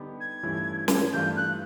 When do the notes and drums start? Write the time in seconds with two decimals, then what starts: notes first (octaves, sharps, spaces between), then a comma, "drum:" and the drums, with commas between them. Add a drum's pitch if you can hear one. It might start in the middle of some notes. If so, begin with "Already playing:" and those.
Already playing: D3 G3 B3 D#4 G4
0.20 G#6
0.43 G2 E3 A3 C#4 E4
0.88 drum: snare
1.12 G2 E3 A3 D4 F4 G6
1.36 F#6